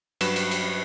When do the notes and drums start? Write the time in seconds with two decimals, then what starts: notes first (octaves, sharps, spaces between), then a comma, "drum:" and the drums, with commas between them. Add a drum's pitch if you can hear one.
0.21 G2 F#3 B4 E7, drum: cymbal
0.36 drum: cymbal
0.51 drum: cymbal